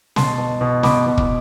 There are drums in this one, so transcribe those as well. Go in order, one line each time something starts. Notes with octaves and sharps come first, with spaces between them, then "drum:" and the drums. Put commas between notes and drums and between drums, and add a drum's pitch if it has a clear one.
B2 A5 C6, drum: snare
B2
B2
B2 B5 D6, drum: snare
B2
drum: kick